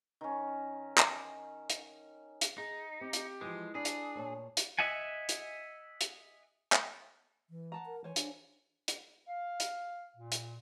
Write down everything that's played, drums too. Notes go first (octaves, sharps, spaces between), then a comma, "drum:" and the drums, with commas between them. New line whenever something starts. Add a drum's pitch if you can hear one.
D#3 C#4
drum: clap
drum: hi-hat
drum: hi-hat
D#4 G#4
C4 G4
drum: hi-hat
E3 F3 G#3
D4 E4 G#4
drum: hi-hat
A#2 C#5 A5
drum: hi-hat
D#5 E5 F#5 G#5
drum: hi-hat
drum: hi-hat
drum: clap
E3
F#5 A5 A#5
A#4
E3 C5 C#5 G#5
D4, drum: hi-hat
drum: hi-hat
F5
drum: hi-hat
A#2
drum: hi-hat